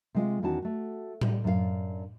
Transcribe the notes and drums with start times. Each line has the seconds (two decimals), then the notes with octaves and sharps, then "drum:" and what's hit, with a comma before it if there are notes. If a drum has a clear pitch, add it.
0.15 C3 G#3 F4
0.42 E2 D#3 E3 C#4 F#4 A5
0.62 A3 F#4
1.21 G3, drum: tom A2
1.44 F#2 D4 F4 F5